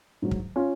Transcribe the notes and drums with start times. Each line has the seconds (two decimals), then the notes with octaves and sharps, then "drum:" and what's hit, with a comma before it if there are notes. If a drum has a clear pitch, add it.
0.22 G#2 F#3
0.31 drum: kick
0.56 C#4 F4